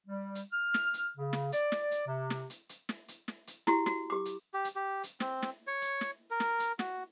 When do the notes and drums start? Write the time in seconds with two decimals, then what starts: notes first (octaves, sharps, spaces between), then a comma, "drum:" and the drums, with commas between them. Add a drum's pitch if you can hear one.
0.07 G3
0.35 drum: hi-hat
0.52 F6
0.74 drum: snare
0.94 drum: hi-hat
1.17 C#3
1.33 drum: snare
1.52 D5, drum: hi-hat
1.72 drum: snare
1.91 drum: hi-hat
2.06 C3
2.30 drum: snare
2.50 drum: hi-hat
2.69 drum: hi-hat
2.89 drum: snare
3.08 drum: hi-hat
3.28 drum: snare
3.47 drum: hi-hat
3.67 E4 F#4 G4, drum: snare
3.86 F#4, drum: snare
4.10 G4 D6
4.25 drum: hi-hat
4.54 G4
4.64 drum: hi-hat
4.76 G4
5.03 drum: hi-hat
5.20 C4, drum: snare
5.42 drum: snare
5.67 C#5
5.81 drum: hi-hat
6.01 drum: snare
6.31 A#4
6.40 drum: snare
6.60 drum: hi-hat
6.79 F#4, drum: snare